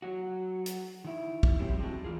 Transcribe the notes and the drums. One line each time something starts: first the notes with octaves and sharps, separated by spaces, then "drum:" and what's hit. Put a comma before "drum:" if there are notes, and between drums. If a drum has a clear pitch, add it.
F#3 F#4
drum: hi-hat
D#3 E4
drum: kick
F#3 C4 C#4 E4 G4
G3 G#3 C4 D4 F#4
E3 F4 G#4